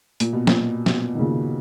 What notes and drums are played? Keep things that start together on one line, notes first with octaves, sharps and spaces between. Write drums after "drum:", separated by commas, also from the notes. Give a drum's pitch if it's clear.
A#2, drum: hi-hat
B2
A#2, drum: snare
B2, drum: snare
D#3
A#2 C#3